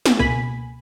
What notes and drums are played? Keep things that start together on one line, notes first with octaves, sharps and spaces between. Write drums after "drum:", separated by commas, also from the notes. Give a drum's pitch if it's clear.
drum: snare
C#2 B2 A#3 G#5 B5